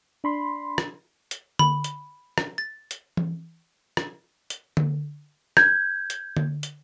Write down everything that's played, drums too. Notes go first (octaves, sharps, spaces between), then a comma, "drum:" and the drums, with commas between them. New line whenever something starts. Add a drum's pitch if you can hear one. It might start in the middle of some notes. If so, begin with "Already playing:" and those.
D4 B5 C6
drum: rim click
drum: hi-hat
B5, drum: tom D3
drum: hi-hat
drum: rim click
A6
drum: hi-hat
drum: tom E3
drum: rim click
drum: hi-hat
drum: tom D3
G6 G#6, drum: rim click
drum: hi-hat
drum: tom D3
drum: hi-hat